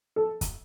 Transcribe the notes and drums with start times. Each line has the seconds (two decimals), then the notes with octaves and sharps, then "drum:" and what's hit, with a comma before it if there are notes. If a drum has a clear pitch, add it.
0.16 A4
0.41 drum: kick, hi-hat